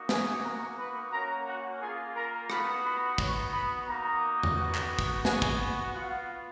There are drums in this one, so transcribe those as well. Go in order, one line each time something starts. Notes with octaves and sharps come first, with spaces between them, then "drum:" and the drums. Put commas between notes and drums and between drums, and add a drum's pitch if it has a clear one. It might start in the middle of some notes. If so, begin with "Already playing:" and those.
Already playing: A#3 D#4 F#4
G#4 G#5, drum: snare
A#3 D#4 F#4 A#4 A#5
B4 B5
A#3 C#4 F#4 A#4 A#5
F#4 F#5
A#3 F4 G#4 G#5
A#4 A#5
B3 D#4 F#4 B4 B5, drum: rim click
B4 B5
B3 D#4 F#4 C#5 C#6, drum: kick
B4 B5
A#3 D#4 F#4 A#4 A#5
drum: tom E2
B3 D#4 F#4
drum: clap
drum: kick
B3 F#4 G#4 G#5, drum: snare
drum: kick
B3 F4 F#4 F#5